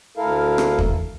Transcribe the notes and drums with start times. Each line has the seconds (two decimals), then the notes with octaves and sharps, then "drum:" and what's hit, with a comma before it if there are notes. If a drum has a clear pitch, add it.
0.17 D2 E4 A4 A#4 F5
0.58 drum: rim click
0.78 drum: kick